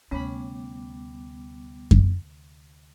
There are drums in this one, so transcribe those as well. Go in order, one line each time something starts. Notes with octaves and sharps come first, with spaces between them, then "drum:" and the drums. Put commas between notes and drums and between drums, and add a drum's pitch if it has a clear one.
D2 C3 G3 B3 C#4 B5 D6
drum: kick F#2